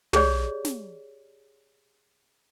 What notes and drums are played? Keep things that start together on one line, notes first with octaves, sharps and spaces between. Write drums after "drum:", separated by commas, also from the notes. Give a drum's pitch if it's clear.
G4 G#4 C#5 D5, drum: tom
drum: snare